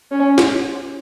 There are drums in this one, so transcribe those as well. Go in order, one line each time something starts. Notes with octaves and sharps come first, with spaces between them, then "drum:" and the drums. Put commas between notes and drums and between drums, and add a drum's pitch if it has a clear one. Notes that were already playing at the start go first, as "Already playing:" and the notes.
C#4
drum: snare